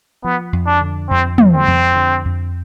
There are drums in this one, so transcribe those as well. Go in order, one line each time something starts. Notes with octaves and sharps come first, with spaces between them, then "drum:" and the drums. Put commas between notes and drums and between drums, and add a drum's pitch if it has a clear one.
F3 B3
F2
D4
D3
F2 C4
F3, drum: tom
C4
F2
D3
F2